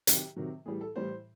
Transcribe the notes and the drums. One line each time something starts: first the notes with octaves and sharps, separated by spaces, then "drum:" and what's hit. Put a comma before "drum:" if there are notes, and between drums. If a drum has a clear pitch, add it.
C3 D#3 F#3 G4, drum: hi-hat
C3 D#3 F#3
A2 E3 G3 G#4
A4
A2 E3 G3 C5